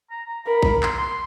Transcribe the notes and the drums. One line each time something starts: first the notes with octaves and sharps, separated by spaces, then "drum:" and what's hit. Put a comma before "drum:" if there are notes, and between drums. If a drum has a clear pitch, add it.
A#5
A#5
A#4 B5
drum: kick A1
C6, drum: clap
C6